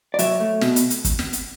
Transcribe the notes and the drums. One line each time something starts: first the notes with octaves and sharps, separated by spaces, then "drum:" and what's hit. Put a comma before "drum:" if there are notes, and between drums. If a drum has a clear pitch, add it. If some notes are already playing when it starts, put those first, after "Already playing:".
D5
F#3 C#5 E5, drum: hi-hat
A3
B2, drum: snare
drum: hi-hat
drum: hi-hat
drum: kick, hi-hat
drum: snare
drum: hi-hat